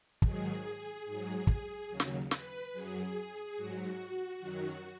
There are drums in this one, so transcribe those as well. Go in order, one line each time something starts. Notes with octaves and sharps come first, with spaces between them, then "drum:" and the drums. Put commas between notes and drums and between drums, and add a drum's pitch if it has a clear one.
G#2 D#3 F#3 G#4, drum: kick
G#2 F#3 G#4
G#4, drum: kick
D#2 C#3 F#3
drum: snare
B4, drum: snare
F#2 F#3 G#4
G#2 F#3 F#4
F#2 D#3 F#3